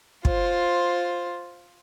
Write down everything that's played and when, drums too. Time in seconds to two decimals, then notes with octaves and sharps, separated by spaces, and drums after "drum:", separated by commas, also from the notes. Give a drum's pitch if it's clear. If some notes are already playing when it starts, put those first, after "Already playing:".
0.25 F4 C5, drum: kick